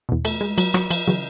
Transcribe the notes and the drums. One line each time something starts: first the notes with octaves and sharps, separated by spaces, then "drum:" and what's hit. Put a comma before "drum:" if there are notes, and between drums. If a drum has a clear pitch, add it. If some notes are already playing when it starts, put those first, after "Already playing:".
E2 B2
A3, drum: cymbal
G#3
F#3, drum: cymbal
F#3, drum: rim click
F3, drum: cymbal
C#3 E3 F#3